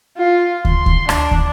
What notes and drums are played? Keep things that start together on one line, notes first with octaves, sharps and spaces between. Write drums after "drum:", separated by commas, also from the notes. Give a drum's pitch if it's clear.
F4
C6, drum: kick
drum: kick
D4, drum: rim click
drum: kick